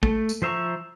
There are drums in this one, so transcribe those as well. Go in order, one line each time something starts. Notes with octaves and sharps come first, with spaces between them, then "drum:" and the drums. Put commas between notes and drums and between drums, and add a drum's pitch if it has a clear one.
A3, drum: kick
drum: tambourine
F3 C5 E5 A#5 C#6